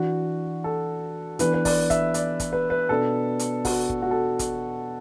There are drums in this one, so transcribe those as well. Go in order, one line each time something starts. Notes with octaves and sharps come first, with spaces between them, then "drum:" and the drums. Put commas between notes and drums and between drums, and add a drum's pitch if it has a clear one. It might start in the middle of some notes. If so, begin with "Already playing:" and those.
Already playing: E3 D4 F#4
A4
E3 B3 D4 B4, drum: hi-hat
B4
D5, drum: kick, open hi-hat
E5, drum: kick, hi-hat
D5, drum: hi-hat
drum: kick, hi-hat
B4
B4
B2 B3 D4 A4
drum: hi-hat
F#4, drum: kick, open hi-hat
drum: kick
F#4
A4
drum: kick, hi-hat